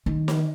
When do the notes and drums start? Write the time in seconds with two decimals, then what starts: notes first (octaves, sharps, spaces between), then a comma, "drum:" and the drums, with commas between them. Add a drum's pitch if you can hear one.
0.06 D#3
0.28 drum: snare